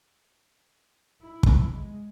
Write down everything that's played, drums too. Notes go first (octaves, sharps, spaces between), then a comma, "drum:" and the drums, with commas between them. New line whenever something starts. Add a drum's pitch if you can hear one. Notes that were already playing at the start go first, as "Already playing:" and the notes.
E4
drum: kick
G#3